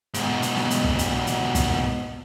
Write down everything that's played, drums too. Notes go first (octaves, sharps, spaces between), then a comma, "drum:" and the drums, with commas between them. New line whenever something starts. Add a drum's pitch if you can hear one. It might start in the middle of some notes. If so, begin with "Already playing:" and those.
G#2 B2, drum: hi-hat
drum: hi-hat
drum: snare
drum: hi-hat
drum: kick
drum: hi-hat
drum: hi-hat
drum: kick, hi-hat